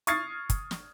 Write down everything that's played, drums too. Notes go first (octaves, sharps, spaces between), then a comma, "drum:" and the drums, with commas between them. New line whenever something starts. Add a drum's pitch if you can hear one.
C#6 D#6 F6 G#6 A6 C7, drum: hi-hat
drum: kick, hi-hat
drum: snare